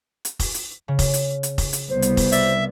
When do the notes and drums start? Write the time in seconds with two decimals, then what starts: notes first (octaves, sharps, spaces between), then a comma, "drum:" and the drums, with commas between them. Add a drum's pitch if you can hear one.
0.25 drum: hi-hat
0.39 drum: kick F1, open hi-hat
0.54 drum: hi-hat
0.88 C#3
0.99 drum: kick F1, open hi-hat
1.14 drum: hi-hat
1.43 drum: hi-hat
1.58 drum: kick F1, open hi-hat
1.73 drum: hi-hat
1.90 C2 B3 C5
2.02 drum: hi-hat
2.17 drum: kick F1, open hi-hat
2.32 D5 E5, drum: hi-hat